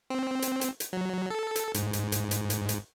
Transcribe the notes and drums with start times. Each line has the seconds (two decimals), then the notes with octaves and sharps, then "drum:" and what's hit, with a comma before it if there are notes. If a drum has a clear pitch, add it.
0.10 C4
0.42 drum: hi-hat
0.61 drum: hi-hat
0.80 drum: hi-hat
0.93 F#3
1.30 A4
1.56 drum: hi-hat
1.74 G#2, drum: hi-hat
1.93 drum: hi-hat
2.12 drum: hi-hat
2.31 drum: hi-hat
2.50 drum: hi-hat
2.69 drum: hi-hat